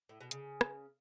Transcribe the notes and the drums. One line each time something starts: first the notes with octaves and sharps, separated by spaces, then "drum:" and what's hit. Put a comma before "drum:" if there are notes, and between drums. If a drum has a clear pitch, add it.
A2
B2
C#3, drum: hi-hat
drum: rim click